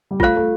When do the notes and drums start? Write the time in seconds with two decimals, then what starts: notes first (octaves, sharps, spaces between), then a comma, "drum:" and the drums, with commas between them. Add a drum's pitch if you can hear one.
0.11 G3
0.20 A3 F4 C5 F5, drum: kick
0.36 A3